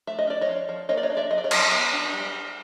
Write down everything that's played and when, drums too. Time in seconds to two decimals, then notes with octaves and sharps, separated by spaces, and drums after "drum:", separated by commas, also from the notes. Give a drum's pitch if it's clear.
0.07 A3 E5
0.19 D#5
0.27 C#4 D5
0.41 C#5 D#5
0.48 F3
0.69 F3
0.89 A#3 C#5 D#5
0.97 D5
1.03 C#5 D#5
1.10 D4
1.17 D5 E5
1.31 F#3 D#5
1.38 D5
1.44 C#5 D#5
1.51 F#3, drum: cymbal
1.72 B3
1.93 D4
2.13 G3
2.33 G3